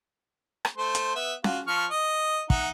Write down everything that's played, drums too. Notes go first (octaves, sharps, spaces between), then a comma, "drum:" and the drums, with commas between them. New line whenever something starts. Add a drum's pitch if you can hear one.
drum: rim click
A3 C5 C6
drum: hi-hat
B3 E5
F4 F#4, drum: snare C#4
F3 C#6 F6
D#5
D#4 E5 F#5, drum: kick